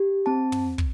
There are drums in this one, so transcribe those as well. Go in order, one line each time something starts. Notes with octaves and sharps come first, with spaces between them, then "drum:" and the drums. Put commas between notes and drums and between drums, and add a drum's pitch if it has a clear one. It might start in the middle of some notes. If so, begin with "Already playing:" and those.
Already playing: G4
C4 A5
drum: tom
drum: kick